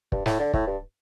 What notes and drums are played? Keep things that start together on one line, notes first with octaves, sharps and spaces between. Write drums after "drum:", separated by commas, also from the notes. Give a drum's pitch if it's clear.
G2, drum: kick
A2, drum: snare
D3
A2, drum: kick
G2